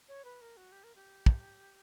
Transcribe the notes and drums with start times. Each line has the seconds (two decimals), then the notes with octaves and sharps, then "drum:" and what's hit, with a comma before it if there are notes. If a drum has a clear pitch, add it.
0.08 C#5
0.24 B4
0.41 A#4
0.57 F#4
0.72 G4
0.84 A#4
0.95 G4
1.26 drum: kick